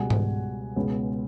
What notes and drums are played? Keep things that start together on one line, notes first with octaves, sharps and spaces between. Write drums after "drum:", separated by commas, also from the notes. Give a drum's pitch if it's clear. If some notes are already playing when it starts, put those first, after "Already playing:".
Already playing: C#2 B2 G3 F#5 G#5
drum: tom G#2
C#2 B2 G#3 B3